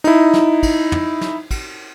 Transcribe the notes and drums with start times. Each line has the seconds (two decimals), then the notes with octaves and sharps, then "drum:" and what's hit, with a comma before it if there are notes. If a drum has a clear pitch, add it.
0.04 D#4 E4, drum: cymbal
0.34 drum: snare
0.63 drum: kick, cymbal
0.92 drum: tom
1.21 drum: snare
1.51 drum: kick, cymbal